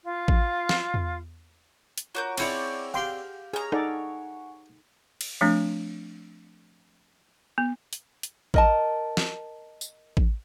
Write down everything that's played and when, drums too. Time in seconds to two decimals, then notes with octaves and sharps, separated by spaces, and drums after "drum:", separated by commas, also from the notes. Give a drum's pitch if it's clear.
0.03 F4
0.28 drum: kick A1
0.69 drum: snare
0.94 drum: tom E2
1.98 drum: hi-hat
2.15 F4 F#4 A#4 C#5 D6 G6
2.38 C4 C#4 E4 G#4 C#5 D5 F#5 G#5, drum: cymbal
2.94 G4 F5 G5 C6
3.53 G#4 C#5 A#5 F6
3.72 D#4 A4 D5 F#5 G#5 C#7, drum: rim click
5.21 drum: cymbal
5.41 F3 A3 C4 D4
7.58 B3
7.93 drum: hi-hat
8.23 drum: hi-hat
8.54 A#4 D#5 A5, drum: kick A1
9.17 drum: snare
9.81 drum: tambourine
10.17 drum: kick A1